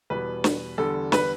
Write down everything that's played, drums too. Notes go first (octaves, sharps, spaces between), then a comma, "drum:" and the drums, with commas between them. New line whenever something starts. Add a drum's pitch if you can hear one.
E2 B2 G3 B4
drum: snare
E2 D3 G3 A4
B4, drum: snare